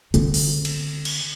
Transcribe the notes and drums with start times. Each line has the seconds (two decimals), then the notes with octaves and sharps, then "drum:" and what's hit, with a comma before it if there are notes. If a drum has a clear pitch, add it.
0.14 D3 C4, drum: hi-hat
0.34 drum: open hi-hat
0.65 drum: cymbal
1.05 drum: cymbal